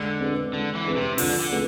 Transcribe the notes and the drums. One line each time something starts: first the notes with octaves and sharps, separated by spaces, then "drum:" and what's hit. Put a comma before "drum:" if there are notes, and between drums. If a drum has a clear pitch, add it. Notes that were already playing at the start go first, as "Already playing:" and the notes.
Already playing: D3 G#3
C4 G#4 B4
D3 G#3
E3
C4 G#4 B4
C3
D3 F3, drum: open hi-hat
D3
A3 C4 G#4 B4